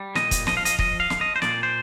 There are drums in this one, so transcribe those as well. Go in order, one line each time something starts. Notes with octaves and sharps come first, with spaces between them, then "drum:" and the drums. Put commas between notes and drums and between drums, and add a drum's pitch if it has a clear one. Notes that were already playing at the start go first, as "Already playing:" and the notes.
Already playing: G3
A#2 D#5, drum: snare
drum: kick, hi-hat
F3 D#5, drum: snare
F5
D#5, drum: hi-hat
F3 D#5, drum: kick
F5
F3, drum: snare
D#5
C5
A#2 D5, drum: snare
C5